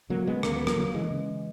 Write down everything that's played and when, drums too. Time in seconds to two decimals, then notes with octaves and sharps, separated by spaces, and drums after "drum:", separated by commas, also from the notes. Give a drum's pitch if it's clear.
0.10 C#3 F#3 A#3
0.27 C#3 G#3 B3
0.43 D#2 A#3, drum: rim click
0.55 B3
0.60 C#3
0.67 F#3 A#3, drum: rim click
0.77 C#3
0.94 C#3 E3 G#3
1.11 C#3